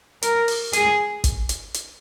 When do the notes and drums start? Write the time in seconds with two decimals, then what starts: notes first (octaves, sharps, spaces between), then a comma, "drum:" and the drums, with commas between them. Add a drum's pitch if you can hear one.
0.22 A#4, drum: hi-hat
0.48 drum: open hi-hat
0.73 G#4, drum: hi-hat
1.24 drum: kick, hi-hat
1.49 drum: hi-hat
1.74 drum: hi-hat